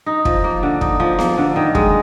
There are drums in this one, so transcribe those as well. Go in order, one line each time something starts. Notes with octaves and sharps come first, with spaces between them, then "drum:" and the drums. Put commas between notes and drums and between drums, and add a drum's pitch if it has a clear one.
D#4
F3, drum: kick
A#3
D3
D#4, drum: kick
F3
A#3, drum: snare B3
D3
D#3
G#3, drum: kick